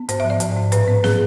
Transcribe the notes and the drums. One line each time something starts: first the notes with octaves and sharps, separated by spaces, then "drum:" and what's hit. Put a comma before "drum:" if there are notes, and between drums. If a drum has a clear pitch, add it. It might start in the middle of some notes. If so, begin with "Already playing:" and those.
Already playing: B3
G#2 C5, drum: hi-hat
E5
F3
D5
G#2, drum: hi-hat
G#2
A2 B4, drum: hi-hat
B3
A2 G#4, drum: snare